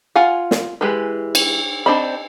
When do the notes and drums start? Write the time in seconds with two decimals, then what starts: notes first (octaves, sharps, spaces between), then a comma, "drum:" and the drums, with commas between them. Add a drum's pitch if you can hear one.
0.16 F4 F5 F#5 G#5
0.51 drum: snare
0.81 E3 G#3 G4 B4
1.35 drum: cymbal
1.86 C4 D4 C5 D#5 B5